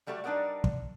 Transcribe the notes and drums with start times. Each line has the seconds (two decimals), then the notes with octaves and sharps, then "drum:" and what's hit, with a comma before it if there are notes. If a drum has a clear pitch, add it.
0.07 F#3 G3 A3 F#4 A#4 D5
0.24 G3 D4 D#4 A#4 D5 F#5
0.64 drum: kick